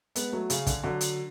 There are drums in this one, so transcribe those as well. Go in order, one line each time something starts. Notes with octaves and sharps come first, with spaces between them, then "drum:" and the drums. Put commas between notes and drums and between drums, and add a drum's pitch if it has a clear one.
G#3 B3, drum: hi-hat
F#3 A3
C#3, drum: hi-hat
D3, drum: kick, hi-hat
D3 F#3
drum: hi-hat